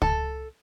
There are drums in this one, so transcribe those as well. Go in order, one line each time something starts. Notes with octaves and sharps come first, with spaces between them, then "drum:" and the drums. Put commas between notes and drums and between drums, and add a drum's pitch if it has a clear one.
A4, drum: kick C#2